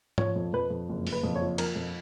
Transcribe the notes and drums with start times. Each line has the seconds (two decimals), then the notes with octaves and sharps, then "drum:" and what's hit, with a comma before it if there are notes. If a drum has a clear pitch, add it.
0.18 F3 C#5, drum: tom G#2
0.36 F2
0.53 F2 B4
0.70 F2
0.89 F#1
1.07 F#1, drum: open hi-hat
1.12 B4
1.24 F2
1.35 C#5
1.41 F3
1.58 F3 A#4, drum: cymbal
1.75 F2